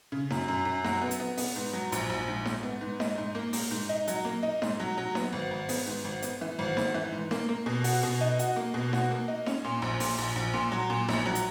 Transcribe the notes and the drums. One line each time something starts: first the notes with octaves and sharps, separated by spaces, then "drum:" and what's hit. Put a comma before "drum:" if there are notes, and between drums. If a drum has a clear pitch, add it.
C#3
F#2, drum: snare D#4
F#2
F#2
F#3, drum: snare D#4
B3
drum: hi-hat
B3
B3, drum: open hi-hat
G#2
F#3
A#1, drum: hi-hat
A#1
G#2
G#2, drum: snare D#4
B3
G#2
D#4, drum: snare D#4
G#2
A#3
A#3, drum: open hi-hat
G#2
D#4
F#3, drum: hi-hat
A#3
D#4
G#2, drum: snare D#4
F#3
F#3
B3, drum: snare D#4
G#1
G#1
B3, drum: open hi-hat
G#2
G#1
B3, drum: hi-hat
E3
G#1
G#1, drum: snare D#4
E3
G#2
A#3, drum: snare D#4
A#3
B2
F#4, drum: open hi-hat
B2
D#4
F#4, drum: hi-hat
A#3
B2
F#4, drum: snare D#4
A#3
D#4
C#4, drum: snare D#4
A#2
A#1
A#2, drum: open hi-hat
A#1
A#1
A#2
F#3
A#2
A#1, drum: snare D#4
F#3
drum: hi-hat